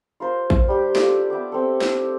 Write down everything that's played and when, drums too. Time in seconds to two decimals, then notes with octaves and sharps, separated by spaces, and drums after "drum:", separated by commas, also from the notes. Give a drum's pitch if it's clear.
0.20 F4 A#4 C5
0.50 drum: kick
0.68 G3 D4 G4 G5
0.95 F4 A4 D5, drum: snare
1.30 B3 E5 G5 D6
1.52 C4 A4
1.81 drum: snare